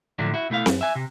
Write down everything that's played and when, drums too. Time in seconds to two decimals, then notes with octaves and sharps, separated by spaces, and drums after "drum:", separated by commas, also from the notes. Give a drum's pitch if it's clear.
0.19 A2 D3 F3 F#3 A3 D4
0.34 E4 F#4
0.50 B2 A3 E4 F5
0.66 F#2, drum: snare C4
0.81 E5 G#5
0.95 C3